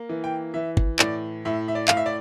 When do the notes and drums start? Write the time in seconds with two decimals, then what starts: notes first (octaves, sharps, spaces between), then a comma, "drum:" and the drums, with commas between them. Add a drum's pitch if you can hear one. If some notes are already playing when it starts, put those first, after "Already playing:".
Already playing: A#3
0.09 E3
0.24 G5
0.54 E3 E5
0.77 drum: kick
0.99 A2 D5, drum: clap
1.45 A2 E5
1.68 E5
1.75 D5
1.88 A2 F5, drum: clap
1.97 E5
2.06 D5